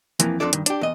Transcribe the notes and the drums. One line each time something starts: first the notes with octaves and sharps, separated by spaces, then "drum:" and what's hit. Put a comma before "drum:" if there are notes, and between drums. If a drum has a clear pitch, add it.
F2 E3 F3 A#3, drum: hi-hat
F2 D3 D4 F4 A4 D5
G2 D#3, drum: hi-hat
D4 G4, drum: hi-hat
E2 D#5